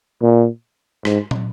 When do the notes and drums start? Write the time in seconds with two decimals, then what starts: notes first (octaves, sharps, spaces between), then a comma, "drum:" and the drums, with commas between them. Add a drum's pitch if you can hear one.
0.22 A#2
1.05 G#2, drum: rim click
1.31 drum: tom